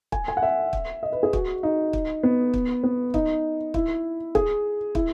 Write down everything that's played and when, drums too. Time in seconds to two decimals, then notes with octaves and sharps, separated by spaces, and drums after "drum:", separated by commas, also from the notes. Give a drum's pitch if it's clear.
0.12 G#5, drum: kick
0.28 G#5
0.37 F#5
0.43 E5
0.73 drum: kick
1.03 D#5
1.12 B4
1.23 G#4
1.33 F#4, drum: kick
1.63 D#4
1.93 drum: kick
2.23 B3
2.54 drum: kick
2.84 B3
3.14 D#4, drum: kick
3.74 E4, drum: kick
4.35 G#4, drum: kick
4.95 E4, drum: kick